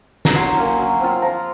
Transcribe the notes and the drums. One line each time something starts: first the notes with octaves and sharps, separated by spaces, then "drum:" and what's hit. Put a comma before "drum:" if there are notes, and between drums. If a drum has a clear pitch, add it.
A#5, drum: snare
F#3 C6
A#3 C#4
F#3
C4 F4
F3 A#5